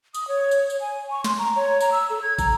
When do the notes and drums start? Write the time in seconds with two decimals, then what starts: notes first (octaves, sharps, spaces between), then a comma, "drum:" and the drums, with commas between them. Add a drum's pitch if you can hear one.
0.14 D#6, drum: tambourine
0.28 C#5
0.51 drum: tambourine
0.70 drum: tambourine
0.81 G#5
1.11 C#6
1.24 C6, drum: snare
1.38 A#5
1.56 C#5
1.81 A#5, drum: tambourine
1.92 E6
2.10 A4
2.22 G#6
2.39 A#5, drum: kick, tambourine